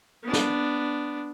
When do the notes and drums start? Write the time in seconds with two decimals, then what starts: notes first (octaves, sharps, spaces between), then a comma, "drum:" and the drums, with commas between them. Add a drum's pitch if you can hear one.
0.24 B3 D4
0.33 drum: snare